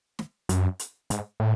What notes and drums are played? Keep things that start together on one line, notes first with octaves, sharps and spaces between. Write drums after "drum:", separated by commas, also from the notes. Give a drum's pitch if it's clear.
drum: snare
F#2, drum: hi-hat
drum: hi-hat
G#2, drum: hi-hat
A2